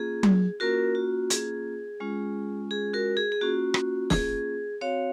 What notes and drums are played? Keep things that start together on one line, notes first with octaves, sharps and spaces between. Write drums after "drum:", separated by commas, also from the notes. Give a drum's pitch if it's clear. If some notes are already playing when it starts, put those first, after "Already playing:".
Already playing: A#3 C#4 F4 G#4
drum: tom F#3
A#3 C#4 F4 F#4 A#4
F#4
G#4, drum: hi-hat
G#3 C#4 F4
G#4
F#4 A#4
G#4
G#4
A#3 C#4 F4 F#4
drum: rim click
G#4, drum: snare
C4 F#4 C#5 F5